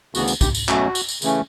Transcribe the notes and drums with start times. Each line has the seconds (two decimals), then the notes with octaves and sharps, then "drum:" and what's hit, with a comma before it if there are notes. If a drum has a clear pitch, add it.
0.15 D2 C#3 E3 B3 F#4, drum: tambourine
0.28 drum: tambourine
0.41 G4, drum: kick, tambourine
0.55 drum: tambourine
0.69 B2 F#3 A3 C#4 F#4, drum: clap
0.95 drum: tambourine
1.09 drum: tambourine
1.22 C#3 E3 A3 C#4, drum: tambourine